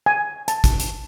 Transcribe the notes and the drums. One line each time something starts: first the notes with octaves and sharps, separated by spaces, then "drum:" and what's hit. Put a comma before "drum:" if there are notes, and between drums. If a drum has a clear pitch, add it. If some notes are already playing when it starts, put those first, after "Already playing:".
G#5
A5, drum: hi-hat
drum: kick, hi-hat
drum: hi-hat